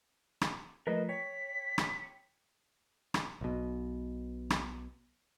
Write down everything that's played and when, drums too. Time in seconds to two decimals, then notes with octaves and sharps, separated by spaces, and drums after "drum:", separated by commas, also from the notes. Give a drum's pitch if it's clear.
0.41 drum: rim click
0.87 F3 A3 A#4 B4 D#5
1.09 C#5 G5 B6
1.78 drum: rim click
3.14 drum: rim click
3.41 B1 B2
4.50 drum: rim click